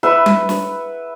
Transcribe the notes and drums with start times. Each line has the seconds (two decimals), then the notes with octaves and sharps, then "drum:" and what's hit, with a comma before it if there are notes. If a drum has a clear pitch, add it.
0.03 B4 E5 F#5
0.26 drum: tom G3
0.49 drum: snare